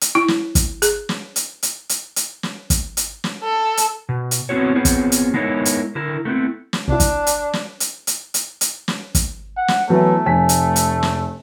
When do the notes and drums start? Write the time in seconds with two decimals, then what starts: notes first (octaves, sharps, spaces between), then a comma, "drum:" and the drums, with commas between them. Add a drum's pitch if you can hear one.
0.01 drum: hi-hat
0.15 E4
0.28 drum: snare
0.55 drum: kick, hi-hat
0.82 G#4, drum: hi-hat
1.09 drum: snare
1.36 drum: hi-hat
1.63 drum: hi-hat
1.89 drum: hi-hat
2.16 drum: hi-hat
2.43 drum: snare
2.70 drum: kick, hi-hat
2.97 drum: hi-hat
3.24 drum: snare
3.43 A4
3.77 drum: hi-hat
4.09 B2
4.31 drum: hi-hat
4.49 B3 C4 E4 F#4 C#5
4.75 B3 C4 F4 G#4 C#5
4.85 drum: kick, hi-hat
5.12 drum: hi-hat
5.34 G#3 B3 D#4 E4 A#4 C#5
5.65 drum: hi-hat
5.95 D3 E4 A#4
6.25 A3 B3 C4 E4
6.73 drum: snare
6.88 C2 D4 E4
7.00 drum: kick, hi-hat
7.27 drum: hi-hat
7.53 drum: snare
7.80 drum: hi-hat
8.07 drum: hi-hat
8.34 drum: hi-hat
8.61 drum: hi-hat
8.88 drum: snare
9.15 drum: kick, hi-hat
9.57 F#5
9.68 drum: snare
9.89 E3 F#3 A3 B3
10.26 F1 G#5 B6
10.49 drum: hi-hat
10.76 drum: hi-hat
11.03 drum: snare